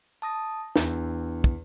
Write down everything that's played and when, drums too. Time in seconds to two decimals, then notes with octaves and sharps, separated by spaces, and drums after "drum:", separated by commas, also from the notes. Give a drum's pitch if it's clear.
0.22 A5 D#6 A#6
0.76 E2 D4, drum: snare
1.44 drum: kick